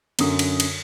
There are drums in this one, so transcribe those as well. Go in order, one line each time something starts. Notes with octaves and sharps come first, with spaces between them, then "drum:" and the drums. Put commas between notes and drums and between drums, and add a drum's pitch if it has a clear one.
F#2 D3 D#6, drum: cymbal
drum: cymbal
drum: cymbal